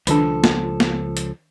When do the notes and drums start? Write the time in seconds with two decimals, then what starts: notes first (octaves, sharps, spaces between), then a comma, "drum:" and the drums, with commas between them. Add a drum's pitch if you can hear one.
0.07 C#2 D#3 F3 D4 A4, drum: hi-hat
0.44 drum: snare
0.80 drum: snare
1.17 drum: hi-hat